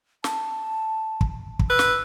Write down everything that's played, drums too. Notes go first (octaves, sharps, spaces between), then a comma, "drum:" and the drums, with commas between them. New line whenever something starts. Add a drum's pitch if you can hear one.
A5, drum: snare
drum: kick
drum: kick
B4 E6
drum: snare